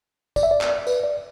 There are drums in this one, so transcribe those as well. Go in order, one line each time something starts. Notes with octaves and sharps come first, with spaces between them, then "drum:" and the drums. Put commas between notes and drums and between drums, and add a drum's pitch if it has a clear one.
D5, drum: kick, tambourine
E5
D5
drum: clap
B4, drum: tambourine
D5